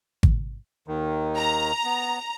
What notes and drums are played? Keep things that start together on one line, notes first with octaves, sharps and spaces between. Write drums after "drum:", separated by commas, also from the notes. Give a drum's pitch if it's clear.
drum: kick G#1
D#2 D#3
A#5
B3